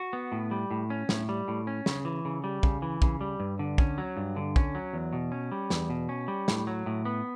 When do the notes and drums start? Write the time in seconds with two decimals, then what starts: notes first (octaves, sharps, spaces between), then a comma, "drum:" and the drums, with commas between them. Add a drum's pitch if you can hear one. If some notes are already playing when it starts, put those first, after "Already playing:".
Already playing: F#4
0.13 B3
0.32 A2
0.51 G3
0.71 A2
0.90 C#4
1.09 A2, drum: snare
1.29 G3
1.48 A2
1.67 C#4
1.86 C#3, drum: snare
2.05 E3
2.25 C#3
2.44 G3
2.63 C#3, drum: kick
2.82 E3
3.02 C#3, drum: kick
3.21 G3
3.40 G2
3.59 D3
3.78 C#4, drum: kick
3.98 F#3
4.17 G2
4.36 D3
4.56 C#4, drum: kick
4.75 F#3
4.93 E2
5.13 B2
5.32 C#4
5.52 G3
5.70 E2, drum: snare
5.90 B2
6.09 C#4
6.28 G3
6.48 A2, drum: snare
6.67 F#3
6.86 A2
7.05 B3